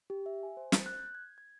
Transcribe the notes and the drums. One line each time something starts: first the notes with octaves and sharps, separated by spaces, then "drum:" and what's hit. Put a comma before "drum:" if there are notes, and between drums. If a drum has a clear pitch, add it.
G4
E5
G#5
C5
A6, drum: snare
F#6
G6
G#6
G#6